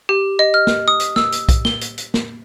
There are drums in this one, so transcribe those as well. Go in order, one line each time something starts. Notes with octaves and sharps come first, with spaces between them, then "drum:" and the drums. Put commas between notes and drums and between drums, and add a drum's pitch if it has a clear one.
G4
D#5
F6
drum: snare
D#6
drum: hi-hat
E6, drum: snare
drum: hi-hat
drum: kick, hi-hat
G7, drum: snare
drum: hi-hat
drum: hi-hat
drum: snare